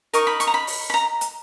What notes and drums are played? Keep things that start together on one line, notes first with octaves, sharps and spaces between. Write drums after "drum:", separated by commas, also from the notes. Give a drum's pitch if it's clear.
D#4 A#4 D#5 C#6, drum: hi-hat
B5
C#6, drum: hi-hat
A#5
B5
drum: open hi-hat
B5
A#5
drum: hi-hat